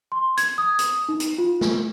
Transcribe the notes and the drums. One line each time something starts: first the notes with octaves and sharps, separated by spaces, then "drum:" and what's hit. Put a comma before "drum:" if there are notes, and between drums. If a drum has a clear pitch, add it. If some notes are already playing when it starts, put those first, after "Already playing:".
C6
G#6, drum: hi-hat
D#6
drum: hi-hat
D#4
drum: hi-hat
F4
drum: snare